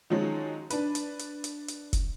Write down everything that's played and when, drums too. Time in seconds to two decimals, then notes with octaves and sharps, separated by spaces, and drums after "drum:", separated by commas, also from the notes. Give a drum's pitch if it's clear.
0.10 D#3 F3 F#3 G#3 C#4
0.70 D4 B4, drum: hi-hat
0.95 drum: hi-hat
1.19 drum: hi-hat
1.44 drum: hi-hat
1.68 drum: hi-hat
1.93 drum: kick, hi-hat